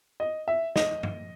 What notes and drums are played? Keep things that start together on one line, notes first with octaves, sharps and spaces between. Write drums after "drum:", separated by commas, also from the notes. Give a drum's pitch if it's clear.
D#5
E5
D#5, drum: snare
drum: tom G2